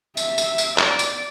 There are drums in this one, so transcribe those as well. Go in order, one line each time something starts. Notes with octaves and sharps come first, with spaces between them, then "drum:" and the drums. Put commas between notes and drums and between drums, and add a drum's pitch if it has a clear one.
E5, drum: tambourine
drum: tambourine
drum: tambourine
D5, drum: clap
drum: tambourine